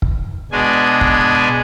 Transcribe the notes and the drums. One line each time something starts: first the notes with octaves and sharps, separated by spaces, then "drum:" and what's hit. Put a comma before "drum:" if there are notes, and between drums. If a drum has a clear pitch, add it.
drum: kick
B2 G#3 D4 G#5
drum: kick